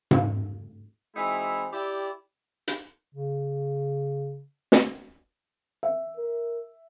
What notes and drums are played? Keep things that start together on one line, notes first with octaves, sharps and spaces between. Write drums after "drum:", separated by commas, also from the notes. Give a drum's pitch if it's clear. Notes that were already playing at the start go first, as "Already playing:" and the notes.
drum: tom G#2
E3 G#3 C4 D#4 E4 F#4
E4 G4 D5
drum: hi-hat
C#3
drum: snare
E5
A#4